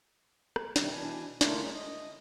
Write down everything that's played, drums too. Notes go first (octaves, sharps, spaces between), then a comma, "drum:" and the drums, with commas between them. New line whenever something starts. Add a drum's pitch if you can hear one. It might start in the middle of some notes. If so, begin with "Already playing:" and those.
drum: rim click
C3 D#3 G3, drum: snare
B2 E3 D4 B4 G#5
D3 A3 A#3 E4 F4 A#4, drum: snare
G#3 C#4 D#4
D#5